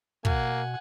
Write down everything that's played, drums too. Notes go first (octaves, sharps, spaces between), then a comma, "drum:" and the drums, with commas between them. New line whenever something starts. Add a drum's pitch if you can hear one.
B2 A#3 F#5 G#5, drum: kick